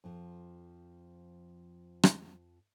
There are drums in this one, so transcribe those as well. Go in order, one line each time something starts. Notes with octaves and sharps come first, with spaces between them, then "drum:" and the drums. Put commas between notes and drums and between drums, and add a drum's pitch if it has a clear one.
F2 F3
drum: rim click